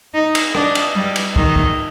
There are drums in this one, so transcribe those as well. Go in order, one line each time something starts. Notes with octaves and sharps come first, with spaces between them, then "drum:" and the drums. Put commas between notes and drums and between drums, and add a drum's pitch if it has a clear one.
D#4 D#5
drum: cymbal
D4 D#5, drum: rim click
drum: cymbal
G3
drum: cymbal
D#3 D#5, drum: kick
drum: kick